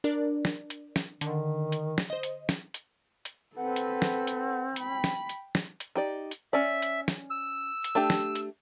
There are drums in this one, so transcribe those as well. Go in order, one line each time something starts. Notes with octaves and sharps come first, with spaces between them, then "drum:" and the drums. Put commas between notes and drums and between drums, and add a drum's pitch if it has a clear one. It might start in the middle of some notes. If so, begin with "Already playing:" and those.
D4 A#4 D5
drum: snare
drum: hi-hat
drum: snare
D3 D#3, drum: hi-hat
drum: hi-hat
drum: snare
C5 D#5
drum: hi-hat
drum: snare
drum: hi-hat
drum: hi-hat
C4 A4 B4 F#5
drum: hi-hat
drum: snare
drum: hi-hat
G5 B5, drum: hi-hat
drum: snare
drum: hi-hat
drum: snare
drum: hi-hat
D#4 G4 D5
drum: hi-hat
C#4 D5 E5
drum: hi-hat
drum: snare
E6
drum: hi-hat
A3 D4 G4
drum: snare
drum: hi-hat